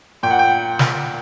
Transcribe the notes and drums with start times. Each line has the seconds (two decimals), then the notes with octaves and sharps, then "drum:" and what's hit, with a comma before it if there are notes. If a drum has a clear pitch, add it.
0.23 A#2 G5
0.30 F#5
0.39 G5
0.79 drum: snare